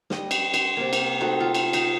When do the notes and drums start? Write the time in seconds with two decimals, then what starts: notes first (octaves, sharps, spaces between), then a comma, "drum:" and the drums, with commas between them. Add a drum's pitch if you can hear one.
0.10 G3 D#5, drum: snare
0.31 drum: cymbal
0.54 C6, drum: cymbal
0.77 C3 A#3
0.93 drum: cymbal
1.20 A3 C4 D#4 F#4
1.40 F4
1.54 drum: cymbal
1.73 D#4, drum: cymbal